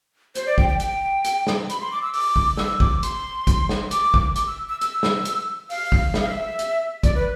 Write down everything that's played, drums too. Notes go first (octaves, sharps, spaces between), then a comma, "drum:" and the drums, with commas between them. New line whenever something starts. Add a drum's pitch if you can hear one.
C5, drum: hi-hat
D5
G5, drum: kick
G5
G5, drum: hi-hat
drum: hi-hat
drum: snare
B5, drum: hi-hat
C6
D6
E6
D6, drum: open hi-hat
drum: kick
E6, drum: snare
D6, drum: kick
C6, drum: hi-hat
drum: kick, hi-hat
drum: snare
D6, drum: hi-hat
drum: kick
D6, drum: hi-hat
E6
E6
E6, drum: hi-hat
drum: snare
drum: hi-hat
F5, drum: open hi-hat
drum: kick
E5, drum: snare
F5
E5
drum: hi-hat
D5, drum: kick, hi-hat
B4